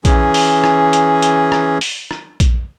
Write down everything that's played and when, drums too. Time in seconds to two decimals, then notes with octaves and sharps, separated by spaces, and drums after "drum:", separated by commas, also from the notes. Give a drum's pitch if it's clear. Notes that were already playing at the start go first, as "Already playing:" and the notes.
0.05 E3 C#4 G#4, drum: kick A#1, hi-hat
0.34 drum: open hi-hat
0.64 drum: rim click
0.93 drum: hi-hat
1.22 drum: hi-hat
1.52 drum: rim click
1.81 drum: open hi-hat
2.11 drum: rim click
2.40 drum: kick A#1, hi-hat